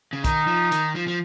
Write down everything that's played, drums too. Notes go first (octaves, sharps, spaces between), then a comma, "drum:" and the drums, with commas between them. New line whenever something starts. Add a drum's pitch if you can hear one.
C#3
D#3 D#4, drum: kick, hi-hat
F3
D#3, drum: hi-hat
F3
F3